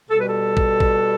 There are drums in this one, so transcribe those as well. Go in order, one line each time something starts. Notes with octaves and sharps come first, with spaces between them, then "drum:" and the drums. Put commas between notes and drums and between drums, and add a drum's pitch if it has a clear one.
B2 G3 A4
B4
A4
drum: kick
drum: kick